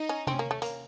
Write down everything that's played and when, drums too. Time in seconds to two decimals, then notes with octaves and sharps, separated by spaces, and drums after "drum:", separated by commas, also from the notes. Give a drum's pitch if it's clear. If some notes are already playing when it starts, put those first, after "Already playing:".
Already playing: D#4
0.09 C#4
0.27 C4 C#4, drum: tom C3
0.39 A#3
0.51 A3
0.62 A#3, drum: hi-hat